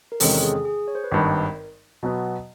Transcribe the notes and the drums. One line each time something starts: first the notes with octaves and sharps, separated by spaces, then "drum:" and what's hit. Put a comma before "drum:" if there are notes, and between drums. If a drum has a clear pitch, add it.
A#4
E2 C3 D#3 G#3 C#4 A4, drum: open hi-hat
G#4
G#4
C#5
C5
B4
G#1 G2 D#3 A#4
B2 F#3 B3